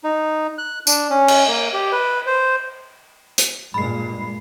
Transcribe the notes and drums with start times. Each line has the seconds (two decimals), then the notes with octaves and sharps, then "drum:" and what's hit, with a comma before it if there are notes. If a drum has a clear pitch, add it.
0.04 D#4
0.58 F#6
0.87 D4, drum: tambourine
1.10 C#4
1.28 drum: cymbal
1.48 A#3
1.73 G4
1.92 B4
2.27 C5
3.38 drum: hi-hat
3.74 G2 A#2 G#3 B5 C7